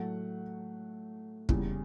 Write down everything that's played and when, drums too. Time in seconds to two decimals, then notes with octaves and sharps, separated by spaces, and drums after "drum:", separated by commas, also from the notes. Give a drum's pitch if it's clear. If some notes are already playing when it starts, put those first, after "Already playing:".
Already playing: A2 F#3 A3 F#5
1.49 E2 C#3 E3 G3, drum: kick